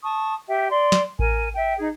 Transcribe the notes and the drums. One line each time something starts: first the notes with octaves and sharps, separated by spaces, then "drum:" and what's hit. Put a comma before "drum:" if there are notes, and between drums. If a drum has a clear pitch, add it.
A5 C#6 D#6
G4 E5 G5
D5 C6
drum: snare
A#4 G#5, drum: kick A1
E5 G5
D#4 G#4